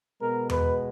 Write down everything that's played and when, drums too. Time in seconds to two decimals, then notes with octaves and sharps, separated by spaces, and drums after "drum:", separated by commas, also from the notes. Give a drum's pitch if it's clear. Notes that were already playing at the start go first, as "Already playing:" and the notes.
0.21 B2 G#3 B3 A#4
0.50 B4, drum: tom E2